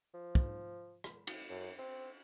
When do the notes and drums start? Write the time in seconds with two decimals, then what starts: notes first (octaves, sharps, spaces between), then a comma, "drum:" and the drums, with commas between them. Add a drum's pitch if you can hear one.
0.14 F3
0.35 drum: kick
1.04 drum: rim click
1.27 drum: cymbal
1.50 F#2
1.79 C4